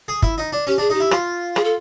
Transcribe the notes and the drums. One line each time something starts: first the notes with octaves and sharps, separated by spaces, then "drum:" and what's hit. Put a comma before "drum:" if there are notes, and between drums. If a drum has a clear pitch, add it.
G#4
E4, drum: kick
D#4
D4
C#4 G4
D4 G#4
D#4
G4
E4
F4, drum: rim click
G#4, drum: rim click
A4